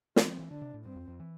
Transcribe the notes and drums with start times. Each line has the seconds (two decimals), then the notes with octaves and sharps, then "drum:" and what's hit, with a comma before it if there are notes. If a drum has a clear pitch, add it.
0.16 E3 C4, drum: snare
0.28 F3
0.39 E3
0.50 D3 D4
0.62 C3
0.74 A2
0.85 G2 C4
0.96 F2
1.08 F2
1.20 E3